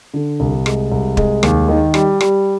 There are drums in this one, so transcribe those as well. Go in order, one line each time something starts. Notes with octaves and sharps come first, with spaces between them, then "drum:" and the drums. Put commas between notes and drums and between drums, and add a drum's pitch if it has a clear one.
D3
C2
G#3, drum: rim click
C2
G#3, drum: kick
D#2, drum: rim click
D#3
G3, drum: rim click
G3, drum: rim click